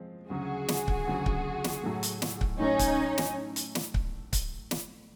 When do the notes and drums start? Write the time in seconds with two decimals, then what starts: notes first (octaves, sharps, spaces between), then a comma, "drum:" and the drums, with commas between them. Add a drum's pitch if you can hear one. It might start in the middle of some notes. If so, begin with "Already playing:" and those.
Already playing: F3 G#3 C4
0.30 D2 C#3 F#3 F#4 G#4
0.68 drum: snare
0.88 drum: kick C#1
1.07 D2 C#3 F#3
1.26 drum: kick C#1
1.64 drum: snare
1.83 A2 F#3 A3
2.03 drum: hi-hat
2.22 drum: snare
2.41 drum: kick C#1
2.60 A2 F#3 A3 C#4 D#4
2.79 drum: kick C#1, hi-hat
3.18 drum: snare
3.56 drum: hi-hat
3.75 drum: snare
3.94 drum: kick C#1
4.33 drum: kick C#1, hi-hat
4.71 drum: snare